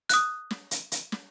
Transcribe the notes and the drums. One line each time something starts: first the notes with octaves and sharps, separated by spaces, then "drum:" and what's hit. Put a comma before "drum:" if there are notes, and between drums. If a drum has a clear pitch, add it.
D#6 F#6, drum: hi-hat
drum: snare
drum: hi-hat
drum: hi-hat
drum: snare